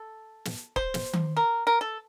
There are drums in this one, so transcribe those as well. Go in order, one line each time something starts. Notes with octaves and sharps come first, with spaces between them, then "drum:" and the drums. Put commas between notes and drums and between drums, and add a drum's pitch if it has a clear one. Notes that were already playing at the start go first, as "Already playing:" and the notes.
Already playing: A4
drum: snare
C5, drum: kick
drum: snare
drum: tom D#3
A#4
A#4
A4